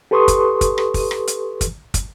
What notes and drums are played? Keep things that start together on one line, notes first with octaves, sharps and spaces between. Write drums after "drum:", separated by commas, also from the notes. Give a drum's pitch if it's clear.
G4 A4 B4 C6 C#6 D#6
drum: kick, hi-hat
drum: kick, hi-hat
drum: rim click
drum: kick, open hi-hat
drum: rim click
drum: hi-hat
drum: kick, hi-hat
drum: kick, hi-hat